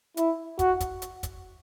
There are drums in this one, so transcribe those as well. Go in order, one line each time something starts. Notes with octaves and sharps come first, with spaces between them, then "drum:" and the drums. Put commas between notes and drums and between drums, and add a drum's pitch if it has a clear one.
E4, drum: hi-hat
F#4, drum: kick, hi-hat
drum: kick, hi-hat
drum: hi-hat
drum: kick, hi-hat